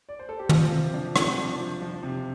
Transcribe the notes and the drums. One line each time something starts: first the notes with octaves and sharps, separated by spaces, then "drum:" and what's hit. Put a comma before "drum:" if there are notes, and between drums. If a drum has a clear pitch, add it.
D5
C5
A4
G4
F3 C4 F4, drum: tom
C3
F3 D4
C3, drum: rim click
F3 D4
F3
F3
C3